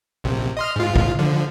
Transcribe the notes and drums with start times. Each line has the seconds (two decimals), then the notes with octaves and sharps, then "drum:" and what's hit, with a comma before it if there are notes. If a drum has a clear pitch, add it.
0.24 A#1 C3
0.57 D#5 C6 F6
0.76 G#2 F4
0.96 drum: kick
1.19 D3 F3